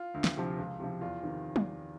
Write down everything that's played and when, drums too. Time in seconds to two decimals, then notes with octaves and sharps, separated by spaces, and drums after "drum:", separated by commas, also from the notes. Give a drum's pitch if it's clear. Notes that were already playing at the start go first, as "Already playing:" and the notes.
Already playing: F4
0.14 D2
0.24 drum: snare
0.37 C3 F3
0.58 C#2
0.79 C3 F3
1.01 E2 F4
1.23 C3 D#3
1.56 drum: tom